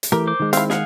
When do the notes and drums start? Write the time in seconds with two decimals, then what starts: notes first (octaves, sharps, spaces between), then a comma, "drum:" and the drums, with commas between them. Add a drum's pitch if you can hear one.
0.03 drum: hi-hat
0.12 E3 A3 G4 A#4
0.27 C5 D6
0.40 D#3 G#3
0.53 C4 E4 F5, drum: hi-hat
0.70 G#4 F5 F#5, drum: snare